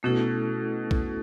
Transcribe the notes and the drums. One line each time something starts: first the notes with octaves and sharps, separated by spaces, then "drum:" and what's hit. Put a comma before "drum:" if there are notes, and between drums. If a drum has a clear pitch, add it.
B2 A3 C#4 E4 A4
drum: kick